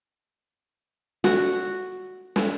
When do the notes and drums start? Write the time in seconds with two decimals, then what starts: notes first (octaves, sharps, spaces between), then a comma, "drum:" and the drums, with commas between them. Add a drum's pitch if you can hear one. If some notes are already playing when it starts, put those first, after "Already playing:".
1.24 F#4, drum: snare
2.36 drum: snare